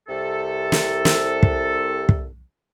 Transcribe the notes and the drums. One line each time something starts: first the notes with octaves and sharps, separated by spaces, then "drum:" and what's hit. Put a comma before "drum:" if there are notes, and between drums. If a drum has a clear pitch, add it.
C2 C3 A4
drum: snare
drum: snare
drum: kick
drum: kick